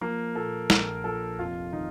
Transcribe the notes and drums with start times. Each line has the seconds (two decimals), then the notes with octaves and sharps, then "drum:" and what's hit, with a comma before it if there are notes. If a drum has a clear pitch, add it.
0.01 F3 A#3
0.35 A#2 A4
0.70 A#1 A#4, drum: snare
1.04 F3 A4
1.38 F1 F4
1.73 D#3 D#4